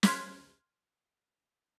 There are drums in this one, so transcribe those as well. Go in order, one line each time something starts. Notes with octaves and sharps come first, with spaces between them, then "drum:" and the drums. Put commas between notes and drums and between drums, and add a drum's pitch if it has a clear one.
C6 F6 F#6 G#6 B6, drum: snare